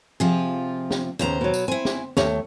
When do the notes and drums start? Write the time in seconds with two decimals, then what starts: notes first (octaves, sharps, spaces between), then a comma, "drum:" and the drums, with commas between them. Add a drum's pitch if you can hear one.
0.20 C3 F3 F4 G#4
0.91 drum: snare
1.19 D#2 C#3 B3 C5 A#5
1.41 B2 F#3
1.54 drum: tambourine
1.68 C4 E4 G#5
1.85 drum: snare
2.17 D#2 A3 C#5, drum: snare